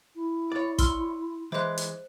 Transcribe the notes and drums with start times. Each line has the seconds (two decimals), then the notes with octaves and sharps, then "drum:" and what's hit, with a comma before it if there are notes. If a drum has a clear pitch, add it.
0.15 E4
0.52 C#5 D5
0.79 C6 E6 F6, drum: kick, hi-hat
1.52 E3 G#3 C5 F#6
1.77 drum: hi-hat